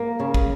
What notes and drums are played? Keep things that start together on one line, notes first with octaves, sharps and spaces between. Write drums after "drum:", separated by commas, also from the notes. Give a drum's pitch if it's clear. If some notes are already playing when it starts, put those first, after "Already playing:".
Already playing: A#3
C#3
drum: kick